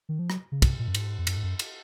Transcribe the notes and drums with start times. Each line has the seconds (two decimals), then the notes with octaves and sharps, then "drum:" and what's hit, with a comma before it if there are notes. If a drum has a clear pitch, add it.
0.09 D#3
0.19 F3
0.30 F#3, drum: rim click
0.52 C#3
0.62 C3, drum: kick, cymbal
0.79 A#2
0.88 F#2
0.95 G#2, drum: cymbal
1.19 F2
1.27 F#2, drum: cymbal
1.37 G#2
1.43 F#2
1.59 drum: cymbal